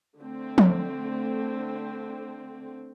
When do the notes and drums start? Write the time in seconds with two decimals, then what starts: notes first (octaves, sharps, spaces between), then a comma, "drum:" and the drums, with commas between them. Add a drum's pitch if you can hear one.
0.18 D3 A3 C4
0.58 drum: tom F3